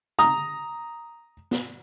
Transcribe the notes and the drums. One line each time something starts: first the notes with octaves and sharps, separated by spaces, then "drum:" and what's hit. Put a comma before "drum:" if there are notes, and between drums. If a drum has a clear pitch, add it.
A#5 D#6, drum: tom C#3
drum: snare